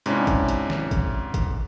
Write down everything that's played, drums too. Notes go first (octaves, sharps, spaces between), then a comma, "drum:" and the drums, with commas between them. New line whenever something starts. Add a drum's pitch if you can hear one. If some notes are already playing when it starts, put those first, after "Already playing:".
G#2 C3 C#4 D4 E4, drum: hi-hat
drum: kick, hi-hat
drum: hi-hat
drum: snare
drum: kick, hi-hat
drum: kick, hi-hat